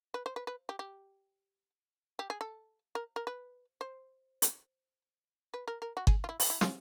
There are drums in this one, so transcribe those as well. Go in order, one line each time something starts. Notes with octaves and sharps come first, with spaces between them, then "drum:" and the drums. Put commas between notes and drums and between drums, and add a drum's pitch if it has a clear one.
B4
C5
B4
B4
G4
G4
G4
G#4
A4
A#4
A#4
B4
C5
drum: hi-hat
B4
A#4
A#4
F#4
G#4, drum: kick G1
F4
E4
E4, drum: open hi-hat
E4
F4, drum: snare